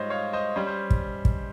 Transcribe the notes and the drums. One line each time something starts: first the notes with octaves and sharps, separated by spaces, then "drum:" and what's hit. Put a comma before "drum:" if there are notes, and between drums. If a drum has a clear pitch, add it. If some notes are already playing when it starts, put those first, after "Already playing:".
Already playing: G#2 G3 F4 C5 C#5 D#5
C#5 F5
C5 D#5
G3 C#4 C5
C5
drum: kick
drum: kick